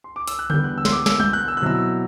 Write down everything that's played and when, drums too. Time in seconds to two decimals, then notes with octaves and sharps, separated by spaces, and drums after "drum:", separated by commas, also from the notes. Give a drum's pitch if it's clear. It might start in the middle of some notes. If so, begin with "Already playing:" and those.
0.04 C6
0.16 D6
0.28 E6, drum: hi-hat
0.39 F#6
0.50 E2 D3 G3 B3 G6, drum: tom C#3
0.64 F#6
0.78 E6
0.85 C6, drum: snare
0.92 D6
1.06 E6, drum: snare
1.20 G6, drum: tom
1.33 F#6
1.48 E6
1.57 F#6
1.62 B2 F#3 C4 E4 E6